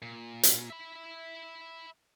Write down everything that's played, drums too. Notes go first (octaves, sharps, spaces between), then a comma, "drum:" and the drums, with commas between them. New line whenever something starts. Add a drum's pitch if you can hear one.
A#2
drum: hi-hat
E5 B5